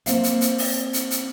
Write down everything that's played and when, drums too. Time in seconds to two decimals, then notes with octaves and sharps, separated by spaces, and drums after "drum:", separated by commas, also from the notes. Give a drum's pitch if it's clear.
0.06 A#3 C4 F5, drum: hi-hat
0.23 drum: hi-hat
0.41 drum: hi-hat
0.58 drum: open hi-hat
0.93 drum: hi-hat
1.11 drum: hi-hat